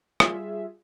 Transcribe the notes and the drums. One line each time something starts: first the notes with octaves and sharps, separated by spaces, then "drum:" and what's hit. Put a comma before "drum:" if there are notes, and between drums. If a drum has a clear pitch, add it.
G3 F4 G#4 E5, drum: rim click